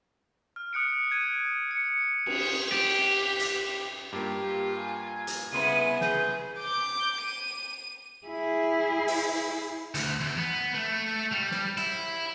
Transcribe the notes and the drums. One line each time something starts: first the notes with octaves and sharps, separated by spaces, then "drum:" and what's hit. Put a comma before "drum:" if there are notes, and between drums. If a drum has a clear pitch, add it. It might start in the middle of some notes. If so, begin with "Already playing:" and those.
F6
D#6 F#6 C#7 D7
G#6 D#7
C#7
drum: cymbal
G4
drum: hi-hat
G2 A#3 F4 G4
G#5
drum: hi-hat
C2 C#3 B3 E4 C6 D#7
G#4 G6, drum: snare
D6 G6
D#7
E4 G#4
drum: open hi-hat
D2, drum: hi-hat
E2
B3
A3
G3
drum: snare
E4, drum: cymbal